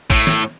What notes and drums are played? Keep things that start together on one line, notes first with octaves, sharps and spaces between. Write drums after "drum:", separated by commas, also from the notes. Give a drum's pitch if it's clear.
A2, drum: kick
drum: snare